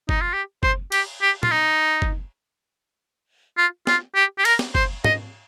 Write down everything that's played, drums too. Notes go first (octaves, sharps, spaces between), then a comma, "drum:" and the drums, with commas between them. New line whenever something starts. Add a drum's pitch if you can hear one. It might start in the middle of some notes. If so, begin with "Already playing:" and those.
D#4, drum: kick F#1
F4
G4
C5, drum: kick F#1
G4, drum: cymbal
G4
F4, drum: tom
D#4
drum: kick F#1
F4
F4, drum: snare
G4
G4
A#4, drum: cymbal
drum: snare
C5, drum: kick F#1
D#5, drum: tom G#2